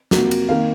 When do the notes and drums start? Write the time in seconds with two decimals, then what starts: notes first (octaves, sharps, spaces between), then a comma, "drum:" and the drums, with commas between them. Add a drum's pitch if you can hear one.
0.11 F2 C3 F#3 A#3 F#4, drum: snare
0.31 drum: cymbal
0.49 D#3 A#3 F5